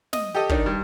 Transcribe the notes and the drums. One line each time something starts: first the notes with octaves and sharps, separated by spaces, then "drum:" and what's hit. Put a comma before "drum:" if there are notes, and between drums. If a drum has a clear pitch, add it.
D#5, drum: snare
G4 A4 D#5
D#3 D4 D#4, drum: kick
G2